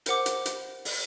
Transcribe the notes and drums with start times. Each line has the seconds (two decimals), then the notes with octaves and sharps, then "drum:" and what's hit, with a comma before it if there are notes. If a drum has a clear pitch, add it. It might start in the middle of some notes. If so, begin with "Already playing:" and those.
0.06 A#4 C5 F#5 D6, drum: hi-hat
0.26 drum: hi-hat
0.46 drum: hi-hat
0.85 drum: open hi-hat